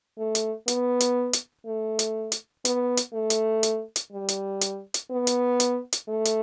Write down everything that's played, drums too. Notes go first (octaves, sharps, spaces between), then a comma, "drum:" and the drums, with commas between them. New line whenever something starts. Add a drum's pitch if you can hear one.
A3
drum: hi-hat
B3, drum: hi-hat
drum: hi-hat
drum: hi-hat
A3
drum: hi-hat
drum: hi-hat
B3, drum: hi-hat
drum: hi-hat
A3
drum: hi-hat
drum: hi-hat
drum: hi-hat
G3
drum: hi-hat
drum: hi-hat
drum: hi-hat
B3
drum: hi-hat
drum: hi-hat
drum: hi-hat
A3
drum: hi-hat